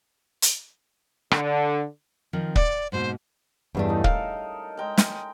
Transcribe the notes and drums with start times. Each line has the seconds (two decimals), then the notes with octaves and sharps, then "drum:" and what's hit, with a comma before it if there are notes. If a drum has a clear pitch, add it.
0.42 drum: hi-hat
1.31 D3, drum: rim click
2.33 D#3 F3 C4
2.56 D5 F#5, drum: kick
2.92 G#2 B2 A#3 C5
3.75 E2 G2 C#3 A3 D4
3.89 A3 D#4
4.04 A4 A#4 F5, drum: kick
4.77 G#3 G5 A#5
4.98 drum: snare